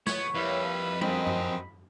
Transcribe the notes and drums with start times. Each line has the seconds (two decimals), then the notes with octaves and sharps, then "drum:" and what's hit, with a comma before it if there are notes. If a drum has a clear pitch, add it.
0.07 B3 C#5, drum: snare
0.34 F2 G3 A#3 E4 B4
1.01 F#2 C4 D#5 B5, drum: tom G3
1.27 drum: tom F#2